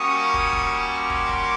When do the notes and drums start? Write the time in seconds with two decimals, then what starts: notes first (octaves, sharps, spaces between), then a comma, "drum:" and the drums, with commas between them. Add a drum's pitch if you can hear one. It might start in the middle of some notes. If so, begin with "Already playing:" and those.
Already playing: G3 A#3 C#4 F#4 C#6 D#6
0.34 drum: kick
0.53 drum: kick
0.91 C6 D6
1.10 drum: kick
1.29 drum: kick